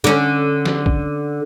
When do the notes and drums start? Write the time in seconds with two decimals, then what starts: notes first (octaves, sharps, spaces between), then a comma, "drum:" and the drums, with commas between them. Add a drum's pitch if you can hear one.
0.04 D3 C#4
0.66 drum: snare
0.86 drum: kick